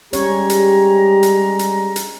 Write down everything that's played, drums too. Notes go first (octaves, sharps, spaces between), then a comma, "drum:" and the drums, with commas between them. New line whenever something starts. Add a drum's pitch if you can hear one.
G3 G#3 C#4 G4 C#5 A#5, drum: hi-hat
drum: hi-hat
drum: hi-hat
drum: hi-hat
drum: hi-hat